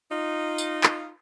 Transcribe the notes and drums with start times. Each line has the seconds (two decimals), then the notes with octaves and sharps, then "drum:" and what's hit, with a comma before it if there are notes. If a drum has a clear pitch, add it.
0.11 D#4 F4
0.58 drum: tambourine
0.84 drum: clap